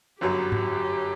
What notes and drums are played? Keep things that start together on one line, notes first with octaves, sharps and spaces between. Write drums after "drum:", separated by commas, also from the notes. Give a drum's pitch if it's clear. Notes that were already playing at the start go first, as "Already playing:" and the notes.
G1 F#2 F#3 G4
drum: tom G#2